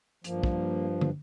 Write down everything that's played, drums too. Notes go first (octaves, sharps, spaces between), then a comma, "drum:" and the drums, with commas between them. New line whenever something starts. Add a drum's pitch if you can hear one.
G2 F3 A#3, drum: hi-hat
drum: kick
drum: tom